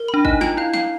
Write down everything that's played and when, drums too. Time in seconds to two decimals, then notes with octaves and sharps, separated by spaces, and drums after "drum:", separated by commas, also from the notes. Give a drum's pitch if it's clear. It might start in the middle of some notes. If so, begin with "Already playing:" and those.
Already playing: A#4
0.08 B5
0.14 D4
0.25 D#4 D#5, drum: kick
0.41 F4 G5, drum: snare
0.57 E4 F5
0.74 F5, drum: snare